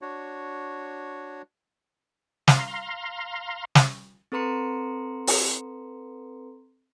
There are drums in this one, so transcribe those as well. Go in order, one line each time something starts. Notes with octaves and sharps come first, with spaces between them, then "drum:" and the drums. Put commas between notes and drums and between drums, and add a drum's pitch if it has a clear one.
D4 F#4 C#5
F5 A#5 C6, drum: snare
drum: snare
C4 A4 B4 A#5 C6 C#7
drum: open hi-hat